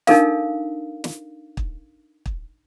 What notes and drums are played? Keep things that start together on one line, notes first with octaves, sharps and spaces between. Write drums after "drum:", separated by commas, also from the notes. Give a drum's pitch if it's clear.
D4 D#4 A4 A#4 F5, drum: snare
drum: snare
drum: kick
drum: kick